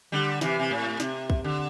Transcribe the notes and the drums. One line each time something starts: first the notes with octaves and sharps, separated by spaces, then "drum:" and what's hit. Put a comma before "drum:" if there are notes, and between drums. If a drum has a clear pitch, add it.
D3 G3
C3 E3, drum: snare
C3
A2
C3, drum: snare
drum: kick
D3